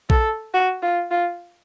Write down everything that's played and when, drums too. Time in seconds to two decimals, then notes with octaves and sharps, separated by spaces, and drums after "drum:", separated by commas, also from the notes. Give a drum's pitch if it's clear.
0.10 A4, drum: kick A#1
0.54 F#4
0.82 F4
1.11 F4